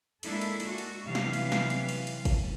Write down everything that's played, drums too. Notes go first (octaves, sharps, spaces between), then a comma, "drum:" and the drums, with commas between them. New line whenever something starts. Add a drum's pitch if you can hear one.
G#3 A#3 D4 E4 A4, drum: cymbal
drum: cymbal
drum: cymbal
F#4
drum: cymbal
C3 E3 F#3 G3 F5
drum: snare
drum: cymbal
drum: snare
drum: cymbal
drum: cymbal
drum: cymbal
drum: kick, cymbal